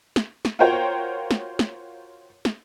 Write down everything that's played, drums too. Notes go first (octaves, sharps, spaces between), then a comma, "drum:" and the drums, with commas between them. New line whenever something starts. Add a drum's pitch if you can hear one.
drum: snare
drum: snare
F4 F#4 A#4 C5 C#5 G5
drum: snare
drum: snare
drum: snare